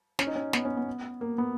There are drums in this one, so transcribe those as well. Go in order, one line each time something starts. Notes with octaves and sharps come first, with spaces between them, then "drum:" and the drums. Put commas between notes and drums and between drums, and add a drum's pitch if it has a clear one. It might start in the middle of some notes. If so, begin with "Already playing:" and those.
C#4, drum: snare
D#4
C#4
B3, drum: snare
C#4
B3
A#3
B3